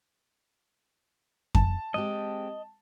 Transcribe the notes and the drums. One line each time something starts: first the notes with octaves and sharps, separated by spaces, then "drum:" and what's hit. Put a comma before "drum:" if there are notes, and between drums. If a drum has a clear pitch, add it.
A5, drum: kick F2
G#3 C4 G4 D#5